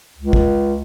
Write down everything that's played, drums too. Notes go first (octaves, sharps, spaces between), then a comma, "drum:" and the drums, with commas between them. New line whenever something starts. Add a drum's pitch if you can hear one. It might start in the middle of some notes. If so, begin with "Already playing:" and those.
C#2
drum: kick